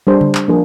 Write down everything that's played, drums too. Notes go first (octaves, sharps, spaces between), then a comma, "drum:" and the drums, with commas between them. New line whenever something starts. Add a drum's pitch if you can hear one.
G3 D4 G#4 C5
drum: tom C#3
drum: clap
F3 A#3 D4 G#4